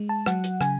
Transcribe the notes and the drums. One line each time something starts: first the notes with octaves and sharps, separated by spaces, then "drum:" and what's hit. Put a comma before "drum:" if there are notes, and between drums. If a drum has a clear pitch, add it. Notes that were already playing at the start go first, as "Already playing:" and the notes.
Already playing: G#3
A5
F#3 F#5, drum: rim click
drum: hi-hat
C#3 G#5, drum: rim click